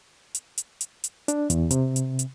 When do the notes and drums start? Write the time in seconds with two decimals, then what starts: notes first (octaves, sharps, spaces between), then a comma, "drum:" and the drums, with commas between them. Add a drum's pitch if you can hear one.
0.35 drum: hi-hat
0.58 drum: hi-hat
0.81 drum: hi-hat
1.04 drum: hi-hat
1.28 D4, drum: hi-hat
1.50 E2, drum: hi-hat
1.71 C3, drum: hi-hat
1.96 drum: hi-hat
2.19 drum: hi-hat